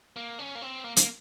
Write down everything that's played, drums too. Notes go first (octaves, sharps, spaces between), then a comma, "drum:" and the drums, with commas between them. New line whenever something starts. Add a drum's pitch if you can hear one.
A#3
C#4
A#3
C4
A#3
A#3, drum: hi-hat